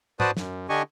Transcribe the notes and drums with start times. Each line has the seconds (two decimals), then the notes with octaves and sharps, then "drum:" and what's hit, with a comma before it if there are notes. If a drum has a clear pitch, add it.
0.20 F#4 B4 C5 D5 A5 D#6, drum: tom G#2
0.37 F#2, drum: snare
0.69 D3 D4 G4 D#5 G#5 C#6